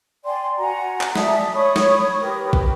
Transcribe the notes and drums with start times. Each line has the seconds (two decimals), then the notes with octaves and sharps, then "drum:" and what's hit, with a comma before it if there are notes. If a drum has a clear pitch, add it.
0.24 D5 G5 G#5 C6
0.59 F#4 F#5 G#5 A#5
1.01 drum: clap
1.16 D5 E5 A5 D#6, drum: snare
1.53 C#5 B5 C#6 D#6
1.76 drum: snare
2.20 G4 A#4 B4
2.53 drum: kick